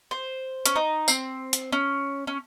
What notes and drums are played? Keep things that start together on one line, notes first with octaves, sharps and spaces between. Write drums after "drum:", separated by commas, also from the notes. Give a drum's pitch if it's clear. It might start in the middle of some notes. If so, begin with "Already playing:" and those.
C5
C#4, drum: hi-hat
D#4
C4, drum: tambourine
drum: hi-hat
C#4
C#4